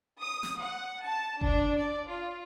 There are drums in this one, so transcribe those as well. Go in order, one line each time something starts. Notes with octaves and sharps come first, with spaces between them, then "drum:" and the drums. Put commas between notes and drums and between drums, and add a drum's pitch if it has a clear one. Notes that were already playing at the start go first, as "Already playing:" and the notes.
D#6
drum: snare
F#5
A5
D4, drum: kick F#1
D5
F4